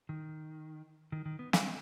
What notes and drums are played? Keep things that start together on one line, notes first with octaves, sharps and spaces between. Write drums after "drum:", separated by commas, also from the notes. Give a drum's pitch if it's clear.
D#3
D#3
D#3
B3
C4, drum: snare